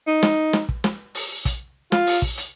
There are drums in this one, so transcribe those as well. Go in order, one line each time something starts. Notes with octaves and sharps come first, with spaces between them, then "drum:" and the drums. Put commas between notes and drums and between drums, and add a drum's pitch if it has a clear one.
D#4
drum: snare
drum: snare
drum: kick
drum: snare
drum: open hi-hat
drum: kick, hi-hat
F4, drum: snare
drum: open hi-hat
drum: kick
drum: hi-hat